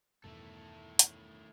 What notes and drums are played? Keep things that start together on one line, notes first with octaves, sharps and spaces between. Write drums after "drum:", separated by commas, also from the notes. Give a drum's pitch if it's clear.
E2 G2 B2 D#3 A3 E4 A4
drum: hi-hat